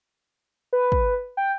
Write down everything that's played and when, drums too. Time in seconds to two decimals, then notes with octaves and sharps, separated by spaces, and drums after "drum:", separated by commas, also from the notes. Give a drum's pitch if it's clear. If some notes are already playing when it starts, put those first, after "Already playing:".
0.73 B4
0.92 drum: kick
1.37 G5